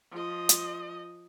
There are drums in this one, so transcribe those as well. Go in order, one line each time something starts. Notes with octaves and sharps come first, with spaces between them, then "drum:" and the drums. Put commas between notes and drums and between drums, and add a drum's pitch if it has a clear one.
F3 D#5
drum: hi-hat